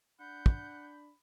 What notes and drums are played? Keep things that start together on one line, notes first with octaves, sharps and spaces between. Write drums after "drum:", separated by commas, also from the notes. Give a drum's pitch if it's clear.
D4 F#5 B5 G6
drum: kick